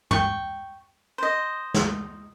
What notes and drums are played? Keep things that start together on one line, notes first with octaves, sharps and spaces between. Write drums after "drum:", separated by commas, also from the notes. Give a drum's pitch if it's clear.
G5 C#6, drum: tom
C5 D#5
drum: snare